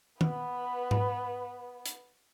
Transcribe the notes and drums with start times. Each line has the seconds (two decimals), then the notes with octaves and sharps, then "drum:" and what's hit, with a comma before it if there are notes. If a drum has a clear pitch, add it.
0.21 B3 B4, drum: tom D#3
0.91 drum: tom G#2
1.86 drum: hi-hat